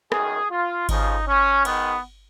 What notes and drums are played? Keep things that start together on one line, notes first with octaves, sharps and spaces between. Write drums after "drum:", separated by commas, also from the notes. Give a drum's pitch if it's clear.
F#2 D#3 G#4, drum: rim click
F4
F2 C#3 F3 D#4, drum: kick G#1, cymbal
C#4
G#2 D#3 B3, drum: cymbal